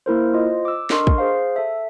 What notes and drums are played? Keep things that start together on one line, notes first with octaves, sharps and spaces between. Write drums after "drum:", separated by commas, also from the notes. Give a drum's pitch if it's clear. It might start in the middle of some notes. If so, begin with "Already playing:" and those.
A#3 E4 A#4 C5
F4 C5 D#5
D6 E6
D4 A4 A#4 D#5 C6 C#6, drum: snare
drum: kick
G#4 C5 F5
A4 E5